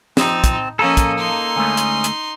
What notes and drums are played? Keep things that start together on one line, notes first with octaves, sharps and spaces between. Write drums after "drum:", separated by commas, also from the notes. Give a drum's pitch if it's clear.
F3 C4 D#4 A5, drum: snare
drum: kick, hi-hat
F3 A#3 C#4 A4 D#5 A#5 D#6
drum: kick, hi-hat
D#4 C6
D2 G#3 A3 C#4 D#6
drum: hi-hat
drum: hi-hat